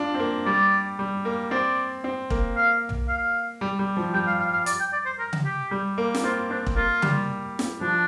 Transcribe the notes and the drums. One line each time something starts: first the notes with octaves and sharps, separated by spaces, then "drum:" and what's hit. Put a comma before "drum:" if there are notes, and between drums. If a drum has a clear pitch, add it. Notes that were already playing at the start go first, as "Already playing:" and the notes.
Already playing: D4 F4
C4
A#3
G3 D5
G3
A#3
C4 D5
C4
A#3, drum: kick E1
F5
drum: tom B1
F5
G3
G3
F3
G3 G5
F5
F5
F5
D5, drum: hi-hat
G5
D5
C5
A#4
drum: tom C#3
G4
G3
A#3
drum: snare
C4 F4
C4 D4
drum: kick E1
A#3 F4
G3, drum: tom C#3
drum: snare
F3 D4